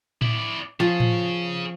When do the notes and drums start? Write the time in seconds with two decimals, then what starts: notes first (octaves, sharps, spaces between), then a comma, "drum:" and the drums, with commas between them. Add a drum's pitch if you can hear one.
0.22 E4 D5, drum: tom A2
0.80 F3 G#4 C#5
1.00 drum: tom A2